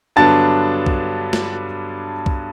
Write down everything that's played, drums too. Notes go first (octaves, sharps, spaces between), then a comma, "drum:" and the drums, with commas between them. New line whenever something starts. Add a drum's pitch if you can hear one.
G2 D3 F#3 B3 D4 A5 A6
drum: kick C2
drum: snare
drum: kick C2